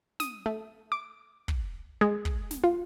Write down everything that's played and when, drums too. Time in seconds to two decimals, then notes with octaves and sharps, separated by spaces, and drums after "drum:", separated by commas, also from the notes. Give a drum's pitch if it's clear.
0.20 D#6, drum: snare
0.46 A3
0.92 D6
1.48 drum: kick
2.01 G#3
2.25 drum: kick
2.51 drum: snare
2.64 F4